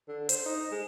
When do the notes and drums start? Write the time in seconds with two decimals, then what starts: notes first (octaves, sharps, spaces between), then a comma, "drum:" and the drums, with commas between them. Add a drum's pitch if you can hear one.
0.08 D3
0.29 C5, drum: hi-hat
0.45 D#4
0.71 G#3